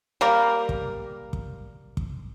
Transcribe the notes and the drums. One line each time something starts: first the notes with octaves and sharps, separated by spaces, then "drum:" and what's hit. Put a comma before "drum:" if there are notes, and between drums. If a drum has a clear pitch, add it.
G3 A#3 A#4
drum: kick
drum: kick
drum: kick